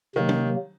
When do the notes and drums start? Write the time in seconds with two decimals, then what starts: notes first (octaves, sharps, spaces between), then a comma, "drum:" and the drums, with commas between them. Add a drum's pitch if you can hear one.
0.15 C3 D#3 F#3 A#3
0.29 drum: tom